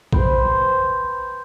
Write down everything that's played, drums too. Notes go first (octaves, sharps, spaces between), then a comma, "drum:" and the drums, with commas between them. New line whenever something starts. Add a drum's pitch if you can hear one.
B4 C5 G5 C6, drum: kick A#1